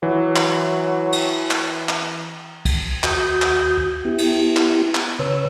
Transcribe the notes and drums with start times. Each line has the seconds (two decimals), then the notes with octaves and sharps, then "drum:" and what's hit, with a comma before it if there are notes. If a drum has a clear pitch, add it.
0.03 E3 F#3
0.36 drum: clap
1.12 drum: cymbal
1.51 drum: clap
1.89 drum: clap
2.65 drum: kick, cymbal
3.04 D#2 F#4 D#6 G6, drum: clap
3.42 drum: clap
4.05 B3 E4 G4
4.18 drum: cymbal
4.56 drum: clap
4.95 drum: clap
5.19 C#3 B4 C#5 E6